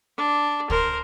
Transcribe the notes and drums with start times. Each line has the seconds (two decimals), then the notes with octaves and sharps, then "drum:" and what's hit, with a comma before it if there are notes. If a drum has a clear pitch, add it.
0.17 D4
0.70 A#4 C5, drum: kick